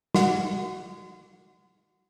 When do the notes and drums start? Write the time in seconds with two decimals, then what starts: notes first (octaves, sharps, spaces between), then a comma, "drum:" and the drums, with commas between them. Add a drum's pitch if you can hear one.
0.14 F#4 F#5, drum: snare